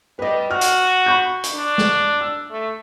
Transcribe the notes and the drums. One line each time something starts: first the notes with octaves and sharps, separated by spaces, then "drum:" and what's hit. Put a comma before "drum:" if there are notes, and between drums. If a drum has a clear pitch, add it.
G3 B4 D#5
F#4 F6
drum: hi-hat
B5 C#6 G6
drum: hi-hat
D4
drum: snare
E6
A3